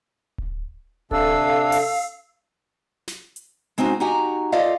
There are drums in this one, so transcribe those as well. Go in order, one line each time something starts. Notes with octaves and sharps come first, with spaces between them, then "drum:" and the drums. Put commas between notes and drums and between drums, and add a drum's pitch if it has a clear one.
drum: kick D1
C3 D4 A4 F5 E6, drum: kick D1
drum: open hi-hat
drum: snare
drum: hi-hat
G#3 C4 C#4 D#4 F#4, drum: hi-hat
D#4 F#4 G4 F#5 G#5 A#5
F4 A4 D5 D#5 F5